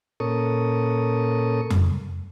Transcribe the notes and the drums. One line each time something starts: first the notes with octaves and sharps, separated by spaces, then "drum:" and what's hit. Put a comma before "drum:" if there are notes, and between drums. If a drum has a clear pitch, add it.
A#2 C#4 A4 A#4 C#6 D#6
drum: tom F2